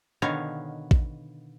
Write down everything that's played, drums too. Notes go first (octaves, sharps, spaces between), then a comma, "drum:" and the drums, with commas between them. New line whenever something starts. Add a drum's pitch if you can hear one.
B2 D3 D#3 B3 C#5 F5
drum: kick A1